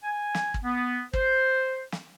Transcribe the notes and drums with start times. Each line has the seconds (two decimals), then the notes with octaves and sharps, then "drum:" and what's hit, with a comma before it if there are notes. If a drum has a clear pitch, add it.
0.03 G#5
0.35 drum: snare
0.54 drum: kick
0.64 B3
1.13 C5, drum: kick
1.92 drum: snare